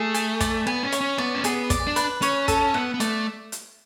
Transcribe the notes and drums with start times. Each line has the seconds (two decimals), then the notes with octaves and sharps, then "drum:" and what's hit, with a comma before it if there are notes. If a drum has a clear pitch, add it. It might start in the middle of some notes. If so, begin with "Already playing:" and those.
Already playing: A3 G#4
0.14 G#5, drum: hi-hat
0.40 D5, drum: kick, hi-hat
0.67 B3 G#5
0.83 C#4
0.92 C#5, drum: hi-hat
1.01 C#4
1.18 B3 D5
1.35 C#4
1.44 B3 G#4, drum: hi-hat
1.70 D5, drum: kick, hi-hat
1.87 D4
1.96 B4, drum: hi-hat
2.22 C#4 C#5, drum: hi-hat
2.48 A4, drum: kick, hi-hat
2.74 B3 F#5
2.94 B3
3.00 A3 D5, drum: hi-hat
3.52 drum: hi-hat